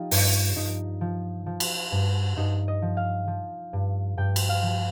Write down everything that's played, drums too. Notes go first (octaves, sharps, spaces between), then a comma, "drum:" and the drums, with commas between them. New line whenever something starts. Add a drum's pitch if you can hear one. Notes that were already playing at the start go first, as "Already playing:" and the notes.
Already playing: F3 D#4 F4 G4
G2, drum: open hi-hat
G2 D#4
F3
F3
drum: cymbal
G2
G2 D#4
D#5
F3
F5
F3
G2
G2 G5
drum: cymbal
F5
F3